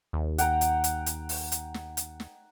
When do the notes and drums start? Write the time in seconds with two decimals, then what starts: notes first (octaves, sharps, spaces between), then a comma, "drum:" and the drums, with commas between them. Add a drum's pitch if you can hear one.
0.13 D#2
0.38 F#5 G5 A#5, drum: hi-hat
0.61 drum: hi-hat
0.84 drum: hi-hat
1.06 drum: hi-hat
1.29 drum: open hi-hat
1.52 drum: hi-hat
1.74 drum: snare
1.97 drum: hi-hat
2.20 drum: snare